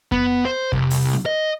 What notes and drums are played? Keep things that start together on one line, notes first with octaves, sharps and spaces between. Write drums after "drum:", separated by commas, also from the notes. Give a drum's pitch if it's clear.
B3, drum: kick F2
C5
C2, drum: kick F2
drum: open hi-hat
drum: snare
D#5